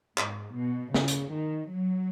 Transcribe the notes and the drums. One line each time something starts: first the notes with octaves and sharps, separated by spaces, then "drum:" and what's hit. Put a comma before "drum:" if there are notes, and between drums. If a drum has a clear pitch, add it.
G#2, drum: clap
B2
C#3, drum: snare
drum: hi-hat
D#3
F#3